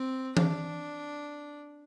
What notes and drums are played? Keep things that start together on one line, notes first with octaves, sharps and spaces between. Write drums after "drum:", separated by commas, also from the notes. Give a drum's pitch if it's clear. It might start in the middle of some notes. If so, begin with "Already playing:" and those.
Already playing: C4
D4, drum: tom E3